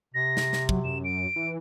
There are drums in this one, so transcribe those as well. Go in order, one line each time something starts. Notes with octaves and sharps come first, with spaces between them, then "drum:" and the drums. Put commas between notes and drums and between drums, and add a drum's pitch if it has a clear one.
C3 A#6
drum: snare
drum: snare
F#3, drum: kick
F#2 E7
D7
E3